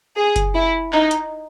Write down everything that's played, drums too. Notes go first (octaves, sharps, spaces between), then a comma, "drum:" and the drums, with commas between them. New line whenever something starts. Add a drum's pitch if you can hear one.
G#4
drum: kick F#1, hi-hat
E4
D#4, drum: clap
drum: hi-hat